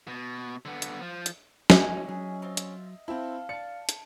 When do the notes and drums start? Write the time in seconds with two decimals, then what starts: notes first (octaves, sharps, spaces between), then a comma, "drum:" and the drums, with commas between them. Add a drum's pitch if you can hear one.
0.08 B2
0.65 D3 B3
0.82 drum: hi-hat
1.01 F3
1.26 drum: hi-hat
1.70 C#4 D#5 E5 G#5, drum: snare
2.09 F#3 G#4
2.42 C4 F4
2.57 drum: hi-hat
3.08 C4 E4 A4 F5
3.49 D5 A5 C#7
3.89 drum: hi-hat